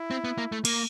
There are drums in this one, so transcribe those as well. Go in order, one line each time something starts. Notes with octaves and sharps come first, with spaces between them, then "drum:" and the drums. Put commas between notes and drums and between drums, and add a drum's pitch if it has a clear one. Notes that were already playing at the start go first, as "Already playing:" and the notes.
Already playing: E4
C4
B3
A#3
A3
A#3, drum: cymbal